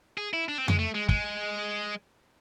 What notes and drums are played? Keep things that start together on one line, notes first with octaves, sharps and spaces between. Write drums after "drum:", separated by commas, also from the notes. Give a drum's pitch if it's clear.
G#4
E4
D4
C4
G#3, drum: tom F2
A3
G#3
G#3, drum: kick